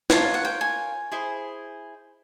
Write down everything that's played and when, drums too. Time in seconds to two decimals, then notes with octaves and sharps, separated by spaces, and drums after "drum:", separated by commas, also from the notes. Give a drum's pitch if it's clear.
0.10 F4 A#4 C#5 A5, drum: snare
0.34 F#5
0.45 G5
0.61 G#5
1.12 E4 G#4 C5